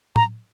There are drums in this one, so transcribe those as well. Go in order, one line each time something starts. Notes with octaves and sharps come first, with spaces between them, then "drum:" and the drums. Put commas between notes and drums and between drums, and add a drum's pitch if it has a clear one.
A#5, drum: tom A2